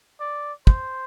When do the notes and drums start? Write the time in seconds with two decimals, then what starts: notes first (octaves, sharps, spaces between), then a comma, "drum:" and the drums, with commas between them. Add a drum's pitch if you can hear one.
0.20 D5
0.67 C5, drum: kick